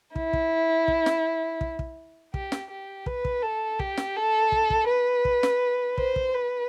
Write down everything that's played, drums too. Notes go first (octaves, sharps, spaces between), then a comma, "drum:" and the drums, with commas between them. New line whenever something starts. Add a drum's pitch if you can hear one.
E4, drum: kick
drum: kick
drum: kick
drum: snare
drum: kick
drum: kick
G4, drum: kick
drum: snare
G4
B4, drum: kick
drum: kick
A4
G4, drum: kick
drum: snare
A4
drum: kick
drum: kick
B4
drum: kick
drum: snare
C5, drum: kick
drum: kick
B4